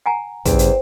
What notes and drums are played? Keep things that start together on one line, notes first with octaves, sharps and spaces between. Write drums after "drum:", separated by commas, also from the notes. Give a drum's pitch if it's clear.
F#5 G#5 A#5
E2 G2 C#3 G3 C4, drum: kick, hi-hat
drum: hi-hat